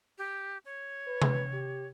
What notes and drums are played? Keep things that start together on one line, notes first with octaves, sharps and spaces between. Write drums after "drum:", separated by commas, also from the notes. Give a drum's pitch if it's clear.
G4
C#5
B4
drum: tom C3
G4